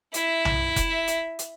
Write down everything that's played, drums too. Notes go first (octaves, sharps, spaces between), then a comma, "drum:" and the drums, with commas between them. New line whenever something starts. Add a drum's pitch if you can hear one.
E4 E5, drum: hi-hat
drum: tom B1
drum: kick F1, hi-hat
drum: hi-hat
drum: hi-hat